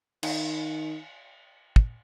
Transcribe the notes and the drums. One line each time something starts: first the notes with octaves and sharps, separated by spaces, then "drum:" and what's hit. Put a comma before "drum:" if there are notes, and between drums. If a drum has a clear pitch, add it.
D#3, drum: cymbal
drum: kick